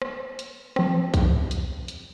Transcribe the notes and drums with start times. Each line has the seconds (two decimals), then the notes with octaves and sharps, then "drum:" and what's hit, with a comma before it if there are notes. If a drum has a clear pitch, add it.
0.02 drum: rim click
0.39 drum: hi-hat
0.76 F3 C4, drum: rim click
1.14 drum: kick B1, hi-hat
1.51 drum: hi-hat
1.88 drum: hi-hat